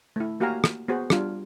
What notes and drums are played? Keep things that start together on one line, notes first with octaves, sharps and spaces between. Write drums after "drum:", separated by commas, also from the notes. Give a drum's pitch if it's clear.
A3 E4
A#3 F#4 G4 F5 G#5 A#5
drum: rim click
B3 F#4 G#4 C5
G3 D4 F4, drum: rim click